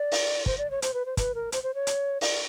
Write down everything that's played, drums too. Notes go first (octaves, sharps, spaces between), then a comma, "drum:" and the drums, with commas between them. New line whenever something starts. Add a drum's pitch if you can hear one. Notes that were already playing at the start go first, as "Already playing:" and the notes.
Already playing: D5
drum: open hi-hat
C5, drum: kick
D5
C#5
C5, drum: hi-hat
B4
C5
B4, drum: kick, hi-hat
A#4
C5, drum: hi-hat
C5
C#5
drum: hi-hat
D5, drum: open hi-hat